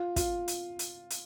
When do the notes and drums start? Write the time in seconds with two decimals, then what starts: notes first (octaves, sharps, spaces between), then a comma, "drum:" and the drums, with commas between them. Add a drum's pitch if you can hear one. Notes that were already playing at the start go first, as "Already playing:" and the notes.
Already playing: F4
0.16 F4, drum: kick, hi-hat
0.48 drum: hi-hat
0.79 drum: hi-hat
1.10 drum: hi-hat